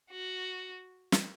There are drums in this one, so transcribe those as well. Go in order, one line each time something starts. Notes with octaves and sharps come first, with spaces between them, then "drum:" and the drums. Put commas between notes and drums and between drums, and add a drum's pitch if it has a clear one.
F#4
drum: snare